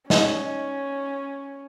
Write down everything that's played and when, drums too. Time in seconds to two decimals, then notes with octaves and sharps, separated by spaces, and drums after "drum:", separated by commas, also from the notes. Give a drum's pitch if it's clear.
0.10 C#4 D#4 D5 D#5, drum: snare